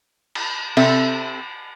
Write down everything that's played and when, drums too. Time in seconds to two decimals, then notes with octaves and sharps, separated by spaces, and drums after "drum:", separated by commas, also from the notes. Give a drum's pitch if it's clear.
0.35 drum: cymbal
0.77 C3 C4 A4 E5, drum: cymbal